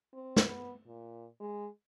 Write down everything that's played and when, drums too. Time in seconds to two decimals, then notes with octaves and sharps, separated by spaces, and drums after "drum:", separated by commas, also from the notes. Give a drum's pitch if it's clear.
0.13 C4
0.36 drum: snare
0.46 B3
0.87 A#2
1.40 G#3